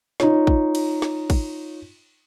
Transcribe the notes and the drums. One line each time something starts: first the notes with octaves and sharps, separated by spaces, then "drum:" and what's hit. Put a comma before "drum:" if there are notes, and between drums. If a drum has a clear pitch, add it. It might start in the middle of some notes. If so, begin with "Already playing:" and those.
D#4 F4 C#5, drum: snare
drum: kick
drum: cymbal
drum: snare
drum: kick, cymbal